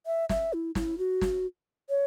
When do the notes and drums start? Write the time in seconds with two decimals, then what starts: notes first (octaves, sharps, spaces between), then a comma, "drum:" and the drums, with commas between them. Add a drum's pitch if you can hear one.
0.06 E5
0.29 E5, drum: snare
0.53 E4
0.75 E4, drum: snare
0.98 F#4
1.21 drum: snare
1.90 C#5